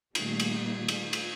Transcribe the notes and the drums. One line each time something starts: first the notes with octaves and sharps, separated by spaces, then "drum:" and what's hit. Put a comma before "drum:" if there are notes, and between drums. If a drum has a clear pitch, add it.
A#2 D#3 G3 A3, drum: cymbal
drum: cymbal
drum: cymbal
drum: cymbal